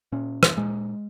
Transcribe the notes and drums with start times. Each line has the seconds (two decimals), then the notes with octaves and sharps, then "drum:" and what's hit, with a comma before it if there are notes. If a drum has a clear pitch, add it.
0.12 A#2 C#4
0.43 drum: rim click
0.57 A#2 G#3